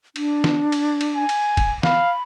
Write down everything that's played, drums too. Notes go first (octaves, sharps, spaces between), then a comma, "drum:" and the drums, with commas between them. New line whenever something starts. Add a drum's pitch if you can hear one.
D4, drum: cymbal
drum: snare
drum: cymbal
drum: cymbal
G#5
drum: cymbal
drum: kick, cymbal
F5 B5, drum: snare